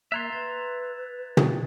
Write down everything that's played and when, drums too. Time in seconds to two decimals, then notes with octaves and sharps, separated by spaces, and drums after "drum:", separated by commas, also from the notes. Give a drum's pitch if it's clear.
0.12 A#3 E5 A#5 C6 F#6 G#6 A6
0.33 B4 A6
1.37 drum: tom